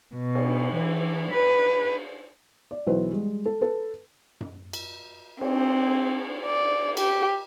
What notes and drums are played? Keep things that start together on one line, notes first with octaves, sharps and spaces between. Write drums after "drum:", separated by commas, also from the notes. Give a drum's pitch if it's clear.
B2
drum: cymbal
E3
B4
D5
B1 E3 B4 C5
G3 G#3
A4
A4 B4
drum: tom F#2
drum: cymbal
C4, drum: cymbal
D5
G4, drum: cymbal